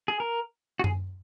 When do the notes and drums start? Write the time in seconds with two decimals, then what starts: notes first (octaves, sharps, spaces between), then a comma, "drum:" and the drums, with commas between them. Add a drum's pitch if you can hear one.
0.08 G#4
0.20 A#4
0.79 F#4
0.84 G#4, drum: tom F#2